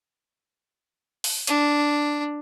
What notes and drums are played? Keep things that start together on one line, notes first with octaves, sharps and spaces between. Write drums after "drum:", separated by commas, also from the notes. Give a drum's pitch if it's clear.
drum: open hi-hat
D4, drum: hi-hat